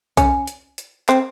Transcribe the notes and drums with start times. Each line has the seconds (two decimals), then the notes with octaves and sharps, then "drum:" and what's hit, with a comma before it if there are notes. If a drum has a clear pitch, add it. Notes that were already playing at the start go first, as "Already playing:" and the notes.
0.17 C#4, drum: kick B1, hi-hat
0.47 drum: hi-hat
0.78 drum: hi-hat
1.09 C4, drum: clap